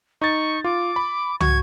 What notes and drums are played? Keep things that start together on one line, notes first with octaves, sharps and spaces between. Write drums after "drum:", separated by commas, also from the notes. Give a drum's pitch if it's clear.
D#4 C#6 A6
F4 D6
B5
F#4 C#6 G#6, drum: tom